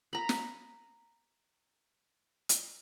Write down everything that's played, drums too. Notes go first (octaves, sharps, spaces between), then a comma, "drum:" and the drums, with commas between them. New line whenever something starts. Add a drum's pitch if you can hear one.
A#5 B5
drum: snare
drum: hi-hat